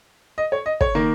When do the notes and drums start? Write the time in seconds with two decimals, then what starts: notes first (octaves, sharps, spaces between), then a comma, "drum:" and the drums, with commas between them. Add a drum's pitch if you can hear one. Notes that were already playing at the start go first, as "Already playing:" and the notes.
0.38 D#5
0.52 C#5
0.66 D#5
0.81 C#5, drum: kick
0.95 D#3 A#3